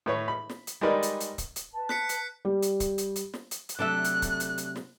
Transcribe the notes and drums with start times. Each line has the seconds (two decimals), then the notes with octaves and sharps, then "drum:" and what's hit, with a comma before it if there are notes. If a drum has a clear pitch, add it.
0.06 A2 B4 C#5
0.28 B5
0.49 drum: snare
0.67 drum: hi-hat
0.81 G3 G#3 D#4 A#4 B4 D5
1.03 drum: hi-hat
1.20 drum: hi-hat
1.38 drum: kick, hi-hat
1.56 drum: hi-hat
1.73 B4 A5
1.89 F#6 B6 C#7, drum: snare
2.09 drum: hi-hat
2.45 G3
2.63 drum: hi-hat
2.80 drum: kick, hi-hat
2.98 drum: hi-hat
3.16 drum: hi-hat
3.34 drum: snare
3.51 drum: hi-hat
3.69 drum: hi-hat
3.79 C3 F#3 A3 D4 A4 E5 F#6
4.05 drum: hi-hat
4.22 drum: kick, hi-hat
4.40 drum: hi-hat
4.58 drum: hi-hat
4.76 drum: snare